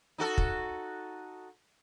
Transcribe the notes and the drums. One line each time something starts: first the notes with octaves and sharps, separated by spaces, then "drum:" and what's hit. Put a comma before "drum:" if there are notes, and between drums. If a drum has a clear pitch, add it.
D#4 F#4 A4
drum: kick